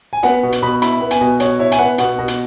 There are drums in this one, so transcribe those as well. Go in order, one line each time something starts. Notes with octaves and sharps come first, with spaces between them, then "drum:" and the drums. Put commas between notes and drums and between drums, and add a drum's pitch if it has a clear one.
G#5
B3 F#5, drum: snare
B2
drum: hi-hat
B2 B5
E4 B5, drum: hi-hat
B3
G#5, drum: hi-hat
B2
B2 C#5, drum: hi-hat
E4 C#5
G#5, drum: hi-hat
B3 F#5
B2 F#5, drum: hi-hat
B2
drum: hi-hat